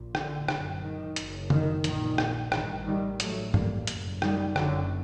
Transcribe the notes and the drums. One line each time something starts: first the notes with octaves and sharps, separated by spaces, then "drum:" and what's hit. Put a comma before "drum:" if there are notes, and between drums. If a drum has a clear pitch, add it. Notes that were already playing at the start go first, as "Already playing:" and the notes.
Already playing: A#1 A#2
D3, drum: rim click
F#1 F#2, drum: rim click
D#3
F#1 F#2, drum: hi-hat
D#3, drum: tom C#3
A#1 A#2 D#3, drum: hi-hat
drum: rim click
A1 G2 D#3, drum: rim click
D#3 G3
A1 A2 F#3 A3, drum: hi-hat
G3 A#3, drum: tom G2
F#1 F#2, drum: hi-hat
D#3 G3, drum: rim click
F#1 F#2 D3 F#3, drum: rim click